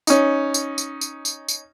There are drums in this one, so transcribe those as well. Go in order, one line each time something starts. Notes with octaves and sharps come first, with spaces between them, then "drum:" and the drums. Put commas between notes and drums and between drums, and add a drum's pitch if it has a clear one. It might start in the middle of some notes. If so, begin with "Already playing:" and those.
C#4 D#4, drum: tambourine
drum: tambourine
drum: tambourine
drum: tambourine
drum: tambourine
drum: tambourine